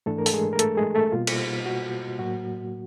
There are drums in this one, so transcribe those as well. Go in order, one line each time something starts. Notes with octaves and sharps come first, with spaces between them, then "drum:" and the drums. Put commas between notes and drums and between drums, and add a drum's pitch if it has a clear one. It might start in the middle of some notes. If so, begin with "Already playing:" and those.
G#2 E3 A3 D4 A4
A#4
A4, drum: open hi-hat
G#3 G#4
A#4
A3 A4, drum: hi-hat
G#3 G#4
A3 A4
B2 G3 A#3 F4
drum: cymbal
F#4
A2 F#3 A#3 F#4